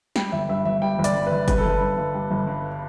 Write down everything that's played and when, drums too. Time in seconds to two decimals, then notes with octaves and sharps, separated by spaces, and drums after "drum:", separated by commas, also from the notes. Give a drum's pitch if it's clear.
0.16 G3 G5, drum: snare
0.32 G1 E5
0.49 G2 E5
0.65 G1 E5
0.82 G3 G5
0.99 G1
1.04 D5, drum: hi-hat
1.15 G2
1.26 B4
1.32 G1
1.48 G3 B4, drum: kick G1, hi-hat
1.58 A4
1.65 G1 B4
1.81 G2
1.98 G1
2.14 G3
2.31 G1
2.47 G2